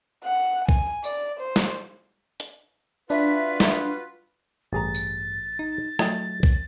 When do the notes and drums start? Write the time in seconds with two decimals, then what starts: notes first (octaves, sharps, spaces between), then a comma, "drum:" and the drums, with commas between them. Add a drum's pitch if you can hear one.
0.24 F#5
0.69 G#5, drum: kick B1
1.04 D5, drum: tambourine
1.40 C5
1.56 drum: snare
2.40 drum: hi-hat
3.10 D4 F4 F#4 B4 E5
3.60 drum: snare
4.73 A1 G2 G#4 A#5 A6
4.95 drum: tambourine
5.59 D#4
5.99 F#3 A3 D#5 G5, drum: rim click
6.43 drum: kick B1